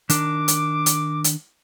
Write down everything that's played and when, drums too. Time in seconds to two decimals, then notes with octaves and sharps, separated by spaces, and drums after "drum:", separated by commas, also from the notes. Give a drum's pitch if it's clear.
0.10 D#3 D4 A#4 D6, drum: hi-hat
0.48 drum: hi-hat
0.86 drum: hi-hat
1.24 drum: hi-hat